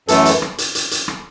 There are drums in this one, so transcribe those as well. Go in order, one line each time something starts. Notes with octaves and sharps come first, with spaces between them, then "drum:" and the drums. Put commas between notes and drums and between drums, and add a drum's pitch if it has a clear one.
F#2 E3 A3 A4, drum: hi-hat
drum: hi-hat
drum: rim click
drum: hi-hat
drum: hi-hat
drum: hi-hat
drum: rim click